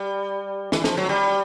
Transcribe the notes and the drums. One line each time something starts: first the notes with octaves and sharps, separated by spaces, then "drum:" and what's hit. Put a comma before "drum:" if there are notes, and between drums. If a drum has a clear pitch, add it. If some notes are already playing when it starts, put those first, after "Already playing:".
Already playing: G3
E3, drum: snare
F3, drum: snare
F#3
G3